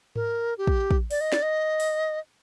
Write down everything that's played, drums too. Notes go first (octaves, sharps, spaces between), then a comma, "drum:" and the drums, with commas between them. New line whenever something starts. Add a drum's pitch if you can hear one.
A#4, drum: tom G#2
G4
drum: kick
drum: kick
D5, drum: open hi-hat
D#5
D5, drum: snare
D#5
drum: open hi-hat